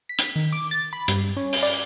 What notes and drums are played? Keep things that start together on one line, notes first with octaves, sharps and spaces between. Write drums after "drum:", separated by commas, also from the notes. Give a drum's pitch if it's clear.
B6
drum: hi-hat
D#3
D6
A6
B5
G2, drum: hi-hat
C#4
drum: open hi-hat
D5